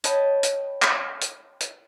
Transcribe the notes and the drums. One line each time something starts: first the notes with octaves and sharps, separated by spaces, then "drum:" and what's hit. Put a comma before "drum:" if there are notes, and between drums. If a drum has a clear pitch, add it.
C#5 D#5 G5 A5 B5, drum: hi-hat
drum: hi-hat
drum: clap
drum: hi-hat
drum: hi-hat